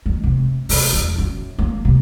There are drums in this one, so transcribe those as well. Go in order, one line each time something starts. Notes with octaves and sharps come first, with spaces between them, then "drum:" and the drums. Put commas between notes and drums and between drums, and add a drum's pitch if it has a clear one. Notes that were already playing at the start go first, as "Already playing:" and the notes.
D#3
C3
C3, drum: open hi-hat
E2
F#2
A#3
C3